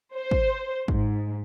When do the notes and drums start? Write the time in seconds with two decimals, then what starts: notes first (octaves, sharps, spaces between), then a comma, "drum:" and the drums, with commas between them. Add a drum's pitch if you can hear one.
0.16 C5
0.31 drum: kick
0.88 G#2, drum: kick